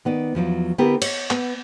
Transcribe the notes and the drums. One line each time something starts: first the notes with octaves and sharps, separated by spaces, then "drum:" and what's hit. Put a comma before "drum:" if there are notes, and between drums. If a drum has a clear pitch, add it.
D#3 B3 D5
E2 F3 F#3
D3 B3 E4 G4 A#4
C#5, drum: cymbal
B3, drum: clap